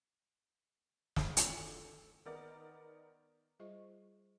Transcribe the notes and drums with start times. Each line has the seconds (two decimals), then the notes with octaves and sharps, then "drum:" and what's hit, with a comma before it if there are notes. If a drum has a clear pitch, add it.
1.16 drum: snare
1.37 C4 D4 D#4 F4, drum: hi-hat
1.55 A4
2.25 D#3 B3 D#4 A#4 D5
3.60 G3 F4 G#4 C5 D#5 C#6